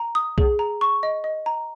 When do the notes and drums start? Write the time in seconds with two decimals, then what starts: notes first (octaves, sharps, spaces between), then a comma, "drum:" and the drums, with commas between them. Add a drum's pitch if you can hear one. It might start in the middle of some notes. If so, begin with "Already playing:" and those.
Already playing: A#5
0.15 D#6
0.38 G#4, drum: kick B1
0.59 A#5
0.81 C#6
1.03 D#5
1.24 D#5
1.46 A#5